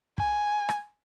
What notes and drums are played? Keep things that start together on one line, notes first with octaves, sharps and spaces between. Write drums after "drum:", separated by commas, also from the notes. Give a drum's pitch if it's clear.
G#5, drum: kick
drum: rim click